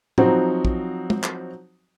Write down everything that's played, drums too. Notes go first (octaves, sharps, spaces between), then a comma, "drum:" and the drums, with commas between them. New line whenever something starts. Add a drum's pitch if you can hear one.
F3 F#3 C4 D#4 F#4, drum: tom A2
drum: kick
drum: tom
drum: clap